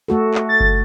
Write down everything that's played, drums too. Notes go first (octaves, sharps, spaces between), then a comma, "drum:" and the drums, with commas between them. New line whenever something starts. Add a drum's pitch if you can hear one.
A3 F#4 A4
drum: clap
A6
drum: kick F#1